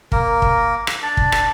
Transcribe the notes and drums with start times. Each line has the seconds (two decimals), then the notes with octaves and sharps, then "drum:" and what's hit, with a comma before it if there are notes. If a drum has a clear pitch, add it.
0.12 A#3 A#4, drum: kick
0.42 drum: kick
0.87 drum: rim click
1.02 D4 D5
1.17 drum: kick
1.32 drum: rim click